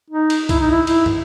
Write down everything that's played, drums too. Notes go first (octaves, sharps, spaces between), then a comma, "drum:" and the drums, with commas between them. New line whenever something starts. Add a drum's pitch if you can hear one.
D#4
drum: cymbal
E4, drum: kick C2, cymbal
D#4
E4
E4, drum: cymbal
drum: tom